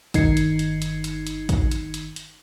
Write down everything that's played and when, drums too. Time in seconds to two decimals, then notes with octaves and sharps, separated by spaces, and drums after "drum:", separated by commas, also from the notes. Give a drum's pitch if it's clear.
0.14 G1 D#3 D#4 G#6 C7 C#7, drum: kick, hi-hat
0.37 drum: hi-hat
0.59 drum: hi-hat
0.82 drum: hi-hat
1.04 drum: hi-hat
1.27 drum: hi-hat
1.49 drum: kick, hi-hat
1.71 drum: hi-hat
1.94 drum: hi-hat
2.16 drum: hi-hat